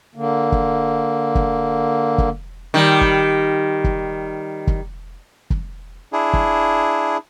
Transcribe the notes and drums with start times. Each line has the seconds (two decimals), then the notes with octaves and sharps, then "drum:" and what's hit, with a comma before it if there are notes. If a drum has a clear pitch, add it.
0.15 D3 A#3
0.52 drum: kick
1.35 drum: kick
2.18 drum: kick
2.74 D#3 G3
3.01 drum: kick
3.84 drum: kick
4.67 drum: kick
5.50 drum: kick
6.13 D4 E4 G#4
6.33 drum: kick